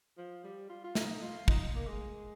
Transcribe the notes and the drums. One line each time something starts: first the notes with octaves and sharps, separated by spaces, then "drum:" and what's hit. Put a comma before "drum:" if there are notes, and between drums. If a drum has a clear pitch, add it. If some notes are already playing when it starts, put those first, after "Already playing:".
F3
G3
F4
F4
D#4, drum: snare
F4
D#4, drum: kick
A#3
G#3